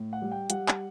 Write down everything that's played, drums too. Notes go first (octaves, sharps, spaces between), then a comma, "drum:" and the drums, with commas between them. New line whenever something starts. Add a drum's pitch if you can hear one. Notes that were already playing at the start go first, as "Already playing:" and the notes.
Already playing: A2
F#5
G3
G5
G3 F#5, drum: hi-hat
drum: clap